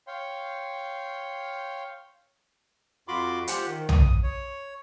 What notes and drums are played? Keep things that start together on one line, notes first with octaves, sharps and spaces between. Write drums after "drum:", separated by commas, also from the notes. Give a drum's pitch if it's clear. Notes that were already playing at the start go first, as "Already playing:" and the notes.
C#5 F5 G5 C6
F2 F4 F#4 B5 C6 D6
F4 G4 C5 F#5, drum: hi-hat
D#3
D#6, drum: tom B1
C#5